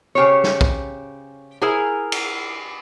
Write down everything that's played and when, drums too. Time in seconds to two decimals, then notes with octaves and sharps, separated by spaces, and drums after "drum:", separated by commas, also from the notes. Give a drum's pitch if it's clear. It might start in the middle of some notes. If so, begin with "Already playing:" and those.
0.15 C#3 G4 C5 C#5
0.44 drum: snare
0.61 drum: kick
1.62 E4 G#4 A#4 C5 G#5
2.12 drum: cymbal